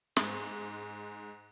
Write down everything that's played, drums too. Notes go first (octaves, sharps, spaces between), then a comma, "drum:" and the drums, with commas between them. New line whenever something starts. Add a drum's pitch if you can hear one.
G#2 G#3, drum: snare